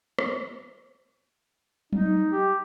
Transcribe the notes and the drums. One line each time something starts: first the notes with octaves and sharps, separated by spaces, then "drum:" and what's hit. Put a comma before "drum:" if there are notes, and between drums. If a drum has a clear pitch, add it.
drum: rim click
D#4, drum: tom F#3
G4